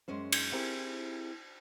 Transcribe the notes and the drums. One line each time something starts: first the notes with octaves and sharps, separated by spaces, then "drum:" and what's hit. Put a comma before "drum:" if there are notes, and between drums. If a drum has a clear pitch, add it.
F#2 G#3 C#4 C5
drum: cymbal
C4 E4 G4 G#4 A#4